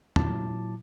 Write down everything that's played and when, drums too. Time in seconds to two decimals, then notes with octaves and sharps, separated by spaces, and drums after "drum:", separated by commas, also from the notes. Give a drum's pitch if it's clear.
0.16 A#2 F#3 E4 A5 D6, drum: tom